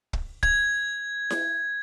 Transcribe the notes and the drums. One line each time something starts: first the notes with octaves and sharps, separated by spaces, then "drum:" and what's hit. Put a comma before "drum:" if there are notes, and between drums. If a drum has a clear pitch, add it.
drum: kick
G#6, drum: kick
drum: snare E4